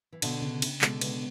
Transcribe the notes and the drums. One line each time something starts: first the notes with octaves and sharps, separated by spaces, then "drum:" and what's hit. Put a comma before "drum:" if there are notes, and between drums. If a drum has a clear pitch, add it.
E3
B2 D3 D4, drum: cymbal
C#3
C#3, drum: cymbal
B2 D3 G#3, drum: clap
B3, drum: cymbal